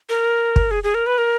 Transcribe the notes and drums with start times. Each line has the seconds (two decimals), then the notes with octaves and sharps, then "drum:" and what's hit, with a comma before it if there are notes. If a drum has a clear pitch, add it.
0.09 A#4
0.56 drum: kick
0.71 G#4
0.84 G#4
0.94 A#4
1.06 B4
1.18 A#4